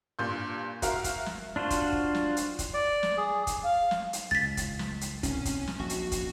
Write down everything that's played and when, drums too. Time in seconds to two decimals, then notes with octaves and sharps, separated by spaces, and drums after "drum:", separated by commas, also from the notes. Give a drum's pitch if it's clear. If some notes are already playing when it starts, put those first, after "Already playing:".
0.19 G2 A#2 C6 G6
0.82 F#4 A#4 E5 F5, drum: kick, hi-hat
1.04 drum: kick, hi-hat
1.26 drum: snare
1.56 D4 F4 F#4 C5
1.70 drum: kick, hi-hat
1.92 drum: kick
2.15 drum: snare
2.37 drum: hi-hat
2.59 drum: kick, hi-hat
2.74 D5
3.03 drum: snare
3.17 G#4
3.47 drum: kick, hi-hat
3.65 F5
3.91 drum: snare
4.13 drum: hi-hat
4.31 C#2 A6 B6
4.57 drum: kick, hi-hat
4.79 drum: snare
5.01 drum: hi-hat
5.23 C2 G2 A#2 C#4, drum: kick, hi-hat
5.45 drum: kick, hi-hat
5.67 drum: snare
5.79 A#1 F#4
5.89 drum: hi-hat
6.12 drum: kick, hi-hat